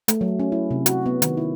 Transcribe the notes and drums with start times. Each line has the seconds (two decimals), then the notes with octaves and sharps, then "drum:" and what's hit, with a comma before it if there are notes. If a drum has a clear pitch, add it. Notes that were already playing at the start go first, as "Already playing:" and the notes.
0.08 A3, drum: hi-hat
0.21 F#3
0.40 C#4
0.52 E4
0.71 C3
0.86 F#4, drum: hi-hat
1.06 B3
1.22 D#3, drum: hi-hat
1.37 E4